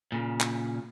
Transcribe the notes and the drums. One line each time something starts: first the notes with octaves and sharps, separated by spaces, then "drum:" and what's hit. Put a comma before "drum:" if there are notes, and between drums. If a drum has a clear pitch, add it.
A#2 C#3
drum: clap